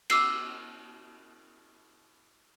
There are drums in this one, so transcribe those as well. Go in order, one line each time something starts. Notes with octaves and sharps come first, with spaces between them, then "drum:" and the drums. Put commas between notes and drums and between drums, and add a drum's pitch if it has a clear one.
D6 E6 C7, drum: cymbal